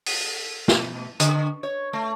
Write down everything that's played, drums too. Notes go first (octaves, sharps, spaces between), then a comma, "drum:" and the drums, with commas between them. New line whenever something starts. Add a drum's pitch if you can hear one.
drum: open hi-hat
B2, drum: snare
D3, drum: hi-hat
C#5
A3